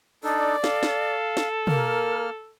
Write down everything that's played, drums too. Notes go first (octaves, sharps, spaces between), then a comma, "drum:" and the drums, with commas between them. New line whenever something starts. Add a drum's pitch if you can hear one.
D4 D#4 A4 D5
A4 F5, drum: snare
drum: snare
drum: snare
A#3 A#4 F6, drum: tom